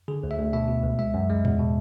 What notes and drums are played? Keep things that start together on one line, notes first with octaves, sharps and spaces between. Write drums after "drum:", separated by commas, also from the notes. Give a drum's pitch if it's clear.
D3 G#4
D2
E5
D2
B2 E5
B2
C#2
G#3 E5
F#2
G#3
E2, drum: tom A2
B2